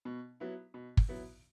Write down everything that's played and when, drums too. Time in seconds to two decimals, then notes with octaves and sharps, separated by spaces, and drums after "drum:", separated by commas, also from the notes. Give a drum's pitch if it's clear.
0.05 B2
0.40 F#3 B3 E4
0.74 B2
0.97 drum: kick
1.09 F#3 B3 E4